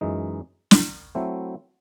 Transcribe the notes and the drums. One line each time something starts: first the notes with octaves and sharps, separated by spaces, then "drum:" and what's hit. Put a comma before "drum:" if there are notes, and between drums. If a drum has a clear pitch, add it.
F#2 E3 G#3 D#4
drum: snare
F#3 A3 C4 E4 C5